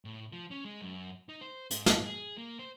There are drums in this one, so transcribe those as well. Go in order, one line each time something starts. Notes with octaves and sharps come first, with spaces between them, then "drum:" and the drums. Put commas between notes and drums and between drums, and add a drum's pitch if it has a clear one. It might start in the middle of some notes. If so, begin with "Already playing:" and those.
A2
F3
C#4
G#3
F#2
D#4
C5
G#2, drum: hi-hat
drum: snare
G#4
A#3
C5